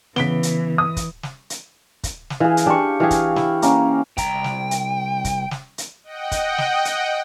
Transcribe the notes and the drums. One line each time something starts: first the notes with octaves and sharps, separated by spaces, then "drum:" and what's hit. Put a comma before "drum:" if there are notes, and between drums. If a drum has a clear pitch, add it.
C#3 E3 B3 B6 D7 G7, drum: snare
drum: hi-hat
D#6
drum: kick, hi-hat
drum: snare
drum: hi-hat
drum: kick, hi-hat
drum: snare
E3 G#4 F5
drum: hi-hat
D4 G4 C#6
E3 G4 G#4 F5
drum: kick, hi-hat
E4, drum: snare
A#3 C#4, drum: hi-hat
C2 G5 A#5, drum: kick, hi-hat
drum: snare
drum: hi-hat
drum: kick, hi-hat
drum: snare
drum: hi-hat
D#5 F#5 G5
drum: kick, hi-hat
drum: snare
drum: hi-hat